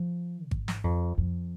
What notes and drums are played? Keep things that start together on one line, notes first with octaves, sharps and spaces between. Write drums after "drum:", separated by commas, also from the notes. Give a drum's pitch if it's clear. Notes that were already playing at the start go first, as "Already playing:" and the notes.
Already playing: F3
G#2, drum: kick G#1
drum: snare
F2
F2